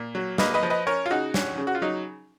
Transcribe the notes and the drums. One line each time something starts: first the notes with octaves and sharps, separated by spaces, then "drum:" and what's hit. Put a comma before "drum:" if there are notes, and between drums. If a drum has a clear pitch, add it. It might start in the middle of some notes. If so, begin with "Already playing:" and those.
Already playing: A#2
F#3
A#3 B4 D#5, drum: snare
B4 D#5
F3
B4 D#5
C#4 A#4 C#5
F4
C#3 D#4 F#4
C#4, drum: snare
C#3
F#4
F4
F#3 D#4